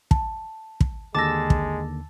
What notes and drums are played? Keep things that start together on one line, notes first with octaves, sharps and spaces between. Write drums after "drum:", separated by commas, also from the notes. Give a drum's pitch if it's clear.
A5, drum: kick
drum: kick
D#2 D3 G#3 A5 D6 E6 A#6
drum: kick